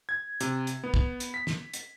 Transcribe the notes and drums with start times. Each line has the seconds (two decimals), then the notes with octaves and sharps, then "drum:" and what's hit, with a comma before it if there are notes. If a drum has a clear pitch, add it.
0.09 G#6
0.41 C3, drum: hi-hat
0.67 drum: hi-hat
0.84 B3
0.94 drum: kick
1.20 drum: hi-hat
1.34 B6
1.47 drum: snare
1.74 drum: hi-hat